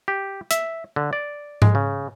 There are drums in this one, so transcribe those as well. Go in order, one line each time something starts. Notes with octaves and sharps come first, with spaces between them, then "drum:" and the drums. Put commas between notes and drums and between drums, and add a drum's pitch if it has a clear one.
G4
E5, drum: hi-hat
D3
D5
G#3, drum: tom G#2
C#3